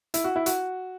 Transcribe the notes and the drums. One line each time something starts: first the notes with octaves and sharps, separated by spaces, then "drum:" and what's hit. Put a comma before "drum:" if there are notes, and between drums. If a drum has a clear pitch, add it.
E4, drum: hi-hat
F#4
E4
F#4, drum: hi-hat